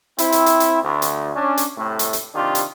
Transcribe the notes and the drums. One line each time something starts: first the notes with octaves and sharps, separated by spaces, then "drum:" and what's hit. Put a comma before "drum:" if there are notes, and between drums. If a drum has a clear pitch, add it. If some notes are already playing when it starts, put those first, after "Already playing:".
C4 E4, drum: hi-hat
drum: hi-hat
drum: hi-hat
drum: hi-hat
D2
drum: hi-hat
C#4 D4
drum: hi-hat
A2 C3 A3
drum: hi-hat
drum: hi-hat
C3 D#3 D4 F4 G4
drum: hi-hat